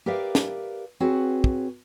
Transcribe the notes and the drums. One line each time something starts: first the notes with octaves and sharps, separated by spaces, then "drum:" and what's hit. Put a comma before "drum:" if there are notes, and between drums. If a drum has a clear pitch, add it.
G4 A#4 B4 D5 E5 F5
drum: snare
C4 F#4 G#4 B4 C#5
drum: kick